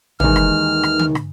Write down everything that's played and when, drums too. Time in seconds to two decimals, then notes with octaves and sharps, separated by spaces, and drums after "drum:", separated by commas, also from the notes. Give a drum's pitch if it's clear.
0.20 D#2 D#3 E3 G#3 F6, drum: tom
0.36 drum: rim click
0.83 drum: rim click
0.99 drum: tom D3
1.15 drum: rim click